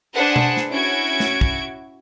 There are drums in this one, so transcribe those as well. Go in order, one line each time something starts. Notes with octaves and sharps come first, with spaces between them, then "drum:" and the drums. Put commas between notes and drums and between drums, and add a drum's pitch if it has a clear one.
D4 G#4 B4 C5 F#5
drum: tom B2
drum: snare
C#4 E4 F#4 G#6 D7
drum: snare
drum: kick